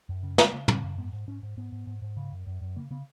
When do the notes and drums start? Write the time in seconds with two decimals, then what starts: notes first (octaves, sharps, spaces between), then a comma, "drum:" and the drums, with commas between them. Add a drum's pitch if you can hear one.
0.09 F#2
0.23 C#3
0.38 C#3 A#3, drum: snare
0.53 C#3
0.68 C#3, drum: tom
0.83 F#2
0.97 G#2 B3
1.13 G#2
1.27 G#2 C#4
1.43 G#2
1.57 G#2 B3
1.72 G#2
1.87 G#2
2.02 G#2
2.17 C#3
2.32 F#2
2.47 F#2
2.61 F#2
2.76 C#3 A#3
2.91 C#3 B3